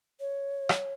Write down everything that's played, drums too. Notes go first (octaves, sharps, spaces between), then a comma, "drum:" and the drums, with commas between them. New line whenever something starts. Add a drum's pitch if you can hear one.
C#5
drum: rim click